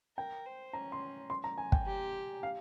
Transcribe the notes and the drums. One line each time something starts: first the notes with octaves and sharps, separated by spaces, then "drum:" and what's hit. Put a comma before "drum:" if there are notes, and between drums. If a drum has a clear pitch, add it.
A#4 G5
C5
C#4 A#5
C6
C6
A#5
G#5
G5, drum: kick
G4
F5